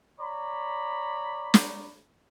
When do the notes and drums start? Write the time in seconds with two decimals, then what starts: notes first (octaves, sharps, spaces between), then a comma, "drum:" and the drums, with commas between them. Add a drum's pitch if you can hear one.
0.21 C#5 D5 A#5 B5
1.54 drum: snare